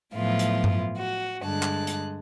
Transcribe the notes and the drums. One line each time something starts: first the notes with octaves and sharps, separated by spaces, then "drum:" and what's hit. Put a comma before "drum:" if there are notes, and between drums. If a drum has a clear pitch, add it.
A2 F3 F#3 B3 E4 F4
drum: hi-hat
drum: tom G2
F#4
G2 D3 G#3 A5 F#6
drum: clap
drum: hi-hat